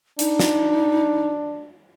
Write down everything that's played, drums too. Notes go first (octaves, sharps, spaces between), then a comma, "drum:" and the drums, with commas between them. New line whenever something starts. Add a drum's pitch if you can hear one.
D4 D#4, drum: hi-hat
drum: snare